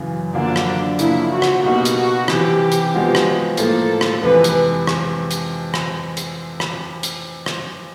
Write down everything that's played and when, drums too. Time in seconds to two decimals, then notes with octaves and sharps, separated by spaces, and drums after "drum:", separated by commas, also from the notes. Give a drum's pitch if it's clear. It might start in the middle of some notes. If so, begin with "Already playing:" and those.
Already playing: F#2 C#3 E3
0.34 F#2 D3 F3 A#3 D4
0.56 drum: rim click
0.99 C#3 F3 A#3 E4, drum: hi-hat
1.31 F#4
1.42 drum: rim click
1.63 B2 G3 A#3 D#4 F#4
1.85 drum: hi-hat
1.96 F#4
2.28 C3 E3 G3 G4, drum: rim click
2.72 drum: hi-hat
2.94 F3 G#3 B3 D#4 F#4
3.15 drum: rim click
3.57 A2 F3 A#3 A4, drum: hi-hat
4.01 drum: rim click
4.22 F2 C3 E3 G#3 B4
4.44 drum: hi-hat
4.87 drum: rim click
5.31 drum: hi-hat
5.74 drum: rim click
6.17 drum: hi-hat
6.60 drum: rim click
7.03 drum: hi-hat
7.46 drum: rim click